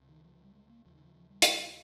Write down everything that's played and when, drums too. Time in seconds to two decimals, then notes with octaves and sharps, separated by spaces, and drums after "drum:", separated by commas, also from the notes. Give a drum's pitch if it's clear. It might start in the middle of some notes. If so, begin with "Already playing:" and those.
Already playing: C#2 C3
0.09 D#3
0.24 F3
0.35 F3
0.44 G3
0.55 G#3
0.70 A#3
0.85 D#2 C#3 F3
0.95 D#3
1.05 F3
1.15 F3
1.30 G3
1.42 drum: hi-hat